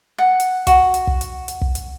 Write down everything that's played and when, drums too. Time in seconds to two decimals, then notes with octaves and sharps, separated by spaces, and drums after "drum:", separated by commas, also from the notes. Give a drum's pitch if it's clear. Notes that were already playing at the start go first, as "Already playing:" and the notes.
0.18 F#5
0.40 drum: hi-hat
0.67 F#4, drum: kick, hi-hat
0.94 drum: hi-hat
1.07 drum: kick
1.21 drum: hi-hat
1.48 drum: hi-hat
1.62 drum: kick
1.75 drum: hi-hat